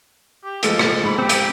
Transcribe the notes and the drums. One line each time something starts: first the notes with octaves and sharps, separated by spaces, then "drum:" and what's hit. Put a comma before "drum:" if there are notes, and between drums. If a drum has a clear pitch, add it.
G4
F3 G#3 A3 A4, drum: hi-hat
drum: rim click
G#2 B5
C4 G4 D6
drum: hi-hat